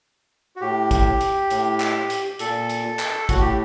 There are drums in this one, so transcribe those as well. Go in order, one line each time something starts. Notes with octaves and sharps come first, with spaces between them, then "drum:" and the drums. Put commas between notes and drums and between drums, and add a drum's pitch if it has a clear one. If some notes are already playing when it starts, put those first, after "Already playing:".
F#4
A2 G4
drum: kick G#1, hi-hat
drum: hi-hat
A2, drum: hi-hat
drum: clap
drum: hi-hat
A#2 A4, drum: hi-hat
drum: hi-hat
drum: clap
A2 F#4, drum: kick G#1, hi-hat
G4